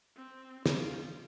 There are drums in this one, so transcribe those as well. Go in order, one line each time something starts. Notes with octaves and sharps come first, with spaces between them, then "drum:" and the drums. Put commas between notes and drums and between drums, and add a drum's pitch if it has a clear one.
C4
F4, drum: snare